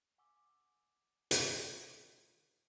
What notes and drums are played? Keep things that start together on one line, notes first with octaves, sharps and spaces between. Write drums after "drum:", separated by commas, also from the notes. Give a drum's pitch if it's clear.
F#5 G#5 C#6 D6 E6
drum: hi-hat